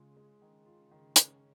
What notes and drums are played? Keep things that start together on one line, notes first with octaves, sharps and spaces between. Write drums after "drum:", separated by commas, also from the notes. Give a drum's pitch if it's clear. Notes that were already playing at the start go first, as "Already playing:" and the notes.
Already playing: C#3 G#3 F4
G#3
D#3
F4
D#3
C#4, drum: hi-hat